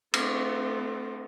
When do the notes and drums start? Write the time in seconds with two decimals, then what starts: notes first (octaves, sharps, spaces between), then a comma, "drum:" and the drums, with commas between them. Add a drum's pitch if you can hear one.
0.14 A3 C4, drum: cymbal